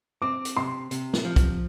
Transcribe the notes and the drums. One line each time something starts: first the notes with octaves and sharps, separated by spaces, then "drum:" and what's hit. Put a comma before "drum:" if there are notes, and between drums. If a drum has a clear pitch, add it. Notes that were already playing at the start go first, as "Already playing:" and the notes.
C4 D6
drum: hi-hat
C3 C6
C3, drum: hi-hat
drum: snare
F3
drum: kick, hi-hat